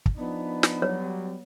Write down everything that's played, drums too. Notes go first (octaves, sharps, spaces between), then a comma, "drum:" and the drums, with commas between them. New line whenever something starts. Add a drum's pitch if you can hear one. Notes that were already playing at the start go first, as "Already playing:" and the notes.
drum: kick
F3 B3 D4 D#4
drum: snare
F#3 G3 C#5